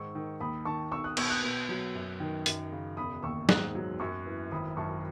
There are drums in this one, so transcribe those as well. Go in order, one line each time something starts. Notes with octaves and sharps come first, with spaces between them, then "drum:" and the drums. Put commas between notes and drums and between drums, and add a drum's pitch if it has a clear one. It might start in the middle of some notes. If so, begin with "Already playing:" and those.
Already playing: G#2 D#3 C#6 E6
D#3
D#2 B5 D#6
D#3 A5 C#6
B1 C#6 E6
D#6 F#6
B2 C#6 E6, drum: cymbal
D#6 F#6
B2
F#3
F#2
D#3
F#2, drum: hi-hat
C#3
E1 B5 D#6
D#2 C#6 E6
G#2 D#6 F#6, drum: snare
F#3
F#2 C#6 E6
E3
G#1 B5 D#6
F#2 A5 C#6